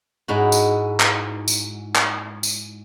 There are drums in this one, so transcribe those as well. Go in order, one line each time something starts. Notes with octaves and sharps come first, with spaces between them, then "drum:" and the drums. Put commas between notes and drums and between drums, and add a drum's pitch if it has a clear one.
G#2 D#4 E4 F#4
drum: tambourine
drum: clap
drum: tambourine
drum: clap
drum: tambourine